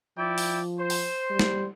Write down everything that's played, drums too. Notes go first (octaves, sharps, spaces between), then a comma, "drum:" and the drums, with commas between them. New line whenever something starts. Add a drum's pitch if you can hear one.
F3 E4 D5 G5
drum: open hi-hat
C5
drum: open hi-hat
G3
drum: snare